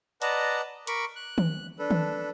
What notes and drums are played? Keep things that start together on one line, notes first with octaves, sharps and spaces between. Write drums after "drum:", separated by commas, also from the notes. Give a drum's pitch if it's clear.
B4 D5 D#5 F#5 A5 A#5, drum: hi-hat
A#4 B5 C#6 D6, drum: hi-hat
F#6
drum: tom D#3
D4 A4 B4
drum: tom D#3